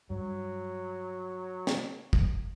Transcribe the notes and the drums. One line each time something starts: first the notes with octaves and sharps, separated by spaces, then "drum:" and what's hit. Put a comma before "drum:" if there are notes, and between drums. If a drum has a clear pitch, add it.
G2 F#3
drum: snare
drum: kick